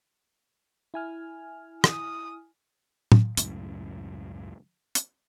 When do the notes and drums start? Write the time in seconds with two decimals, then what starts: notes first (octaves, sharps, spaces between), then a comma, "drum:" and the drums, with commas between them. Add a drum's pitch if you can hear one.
0.94 E4 G#5 F6
1.84 D#6, drum: rim click
3.12 drum: tom A2
3.37 C#2 F#2 A2, drum: hi-hat
4.95 drum: hi-hat